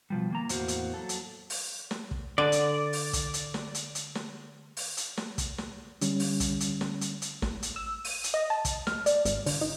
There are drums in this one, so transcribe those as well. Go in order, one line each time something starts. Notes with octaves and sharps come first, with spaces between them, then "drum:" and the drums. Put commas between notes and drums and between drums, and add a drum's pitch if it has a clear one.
B2 F3 G3
D#3 A#3 A#5
E2 A2 A#3 F#4 C5, drum: hi-hat
drum: hi-hat
F#3 A4
drum: hi-hat
drum: open hi-hat
drum: snare
drum: kick
D3 D5
drum: hi-hat
drum: open hi-hat
drum: kick, hi-hat
drum: hi-hat
drum: snare
drum: hi-hat
drum: hi-hat
drum: snare
drum: open hi-hat
drum: hi-hat
drum: snare
drum: kick, hi-hat
drum: snare
D3 G3 C#4, drum: hi-hat
drum: open hi-hat
drum: kick, hi-hat
drum: hi-hat
drum: snare
drum: hi-hat
drum: hi-hat
A1, drum: snare
drum: hi-hat
E6
D#7, drum: open hi-hat
drum: hi-hat
D#5
A5
drum: kick, hi-hat
F6, drum: snare
D5, drum: hi-hat
G#1, drum: hi-hat
D3, drum: open hi-hat
D#4